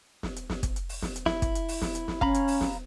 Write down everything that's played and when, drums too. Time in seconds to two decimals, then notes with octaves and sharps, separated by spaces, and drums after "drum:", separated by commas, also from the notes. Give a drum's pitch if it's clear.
0.23 drum: snare
0.36 drum: hi-hat
0.50 drum: snare
0.63 drum: kick, hi-hat
0.76 drum: hi-hat
0.89 drum: open hi-hat
1.02 drum: snare
1.16 drum: hi-hat
1.26 E4, drum: snare
1.42 drum: kick, hi-hat
1.55 drum: hi-hat
1.68 drum: open hi-hat
1.82 drum: snare
1.95 drum: hi-hat
2.08 drum: snare
2.21 C#4 F5 A#5 B5, drum: kick
2.34 drum: hi-hat
2.48 drum: open hi-hat
2.61 drum: snare